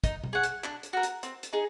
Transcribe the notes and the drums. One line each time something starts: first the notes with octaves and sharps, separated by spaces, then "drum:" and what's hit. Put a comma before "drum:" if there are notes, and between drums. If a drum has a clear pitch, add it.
D#4, drum: kick, hi-hat
drum: tom B2
G#4 C#5 F#5
drum: hi-hat
D4, drum: clap
drum: hi-hat
F#4 A#4
drum: hi-hat
C4, drum: hi-hat
drum: hi-hat
D#4 G#4